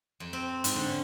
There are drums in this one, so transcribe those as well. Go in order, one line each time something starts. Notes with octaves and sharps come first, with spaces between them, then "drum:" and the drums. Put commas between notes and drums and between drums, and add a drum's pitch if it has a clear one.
F2
C4
G#2, drum: hi-hat
D3
C#4